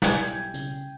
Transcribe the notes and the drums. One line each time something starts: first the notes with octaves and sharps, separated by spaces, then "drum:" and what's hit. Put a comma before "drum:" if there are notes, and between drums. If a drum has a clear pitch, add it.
B1 G3 E4 G5 G#5, drum: snare
C#3, drum: hi-hat